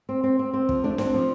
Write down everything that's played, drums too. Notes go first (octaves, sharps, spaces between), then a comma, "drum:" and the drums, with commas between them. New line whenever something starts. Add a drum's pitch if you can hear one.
C4
C4
C4
C4
F3, drum: kick
A3 D4
C4 D4, drum: snare
F3